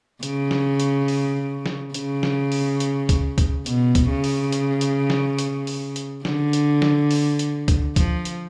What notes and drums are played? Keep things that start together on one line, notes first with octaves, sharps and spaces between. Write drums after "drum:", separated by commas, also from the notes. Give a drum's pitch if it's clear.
C#3, drum: hi-hat
drum: snare
drum: hi-hat
drum: open hi-hat
drum: snare
C#3, drum: hi-hat
drum: snare
drum: open hi-hat
drum: hi-hat
drum: kick, hi-hat
drum: kick, hi-hat
B2, drum: hi-hat
drum: kick, hi-hat
C#3
drum: open hi-hat
drum: hi-hat
drum: hi-hat
drum: snare
drum: hi-hat
drum: open hi-hat
drum: hi-hat
D3, drum: snare
drum: hi-hat
drum: snare
drum: open hi-hat
drum: hi-hat
drum: kick, hi-hat
F3, drum: kick, hi-hat
drum: hi-hat